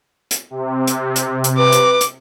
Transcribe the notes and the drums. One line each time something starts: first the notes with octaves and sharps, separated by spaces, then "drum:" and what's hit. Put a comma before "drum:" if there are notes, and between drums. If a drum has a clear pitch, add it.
drum: hi-hat
C3
drum: hi-hat
drum: hi-hat
drum: hi-hat
B4 D6
drum: hi-hat
drum: hi-hat